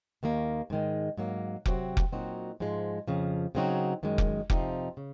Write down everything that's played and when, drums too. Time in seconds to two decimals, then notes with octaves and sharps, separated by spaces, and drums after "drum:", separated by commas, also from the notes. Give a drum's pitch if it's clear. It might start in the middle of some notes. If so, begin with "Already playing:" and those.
0.23 D#2 D#3 A#3
0.70 G#2 D#3 G#3
1.18 G#2 F#3 A#3
1.66 C3 F#3 C4 F#4, drum: kick F1
1.97 drum: kick F1
2.12 A#2 F#3 C4 D#4 F#4
2.60 G#2 F3 G#3
3.08 F2 C#3 F3
3.55 C#3 F#3 C4 D#4 F#4
4.03 F#2 D#3 G#3
4.18 drum: kick F1
4.50 F2 C3 F3 C4 D#4, drum: kick F1
4.97 C#3